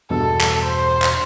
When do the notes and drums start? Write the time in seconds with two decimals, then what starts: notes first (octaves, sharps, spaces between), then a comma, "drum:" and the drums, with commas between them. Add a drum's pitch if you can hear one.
0.10 E2 G2 B2 A4
0.41 drum: clap
0.64 C5
1.02 drum: clap